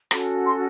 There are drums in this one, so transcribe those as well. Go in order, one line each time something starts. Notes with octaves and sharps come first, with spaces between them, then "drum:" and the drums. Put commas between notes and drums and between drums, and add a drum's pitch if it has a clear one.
C#4 F#4 A4, drum: rim click
C6